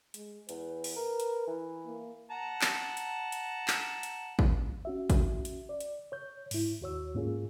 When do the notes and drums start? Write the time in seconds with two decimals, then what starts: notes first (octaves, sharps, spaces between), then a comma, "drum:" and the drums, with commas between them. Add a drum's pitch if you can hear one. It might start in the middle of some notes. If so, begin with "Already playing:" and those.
0.14 G#3, drum: hi-hat
0.49 E2 B4, drum: hi-hat
0.84 drum: open hi-hat
0.96 A#4
1.20 drum: hi-hat
1.47 E3
1.86 A#3
2.31 F#5 A5 A#5
2.61 drum: clap
2.97 drum: hi-hat
3.32 drum: hi-hat
3.68 drum: clap
4.03 drum: hi-hat
4.39 drum: kick A1
4.85 C#4 F#4 E5
5.10 drum: kick A1, hi-hat
5.45 drum: hi-hat
5.69 D5
5.81 drum: hi-hat
6.12 C#5 G6
6.51 G#2 E4, drum: open hi-hat
6.81 D#2 F#4 C#5 E6
7.15 G#2 A#3 C#4 F4 G#4